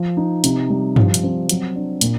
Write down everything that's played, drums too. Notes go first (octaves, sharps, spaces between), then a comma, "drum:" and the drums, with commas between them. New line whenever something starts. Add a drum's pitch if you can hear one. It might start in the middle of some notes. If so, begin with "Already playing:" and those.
Already playing: F3
D#4
C3, drum: hi-hat
G3
F3, drum: tom G2
drum: hi-hat
C4
F#3, drum: hi-hat
D4
A#2, drum: hi-hat